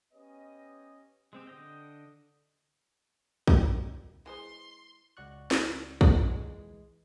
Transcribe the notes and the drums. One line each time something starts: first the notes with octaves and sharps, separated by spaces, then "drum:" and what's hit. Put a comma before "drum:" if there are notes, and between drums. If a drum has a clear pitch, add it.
B3 C#4 G4 C#5 D#5
G#3 C4 G4
D3 D#5 G5
drum: kick
E3 G#3 C5 C6
C#2 F#4 D5 C#6 F#6
drum: snare
drum: kick
E3 G#3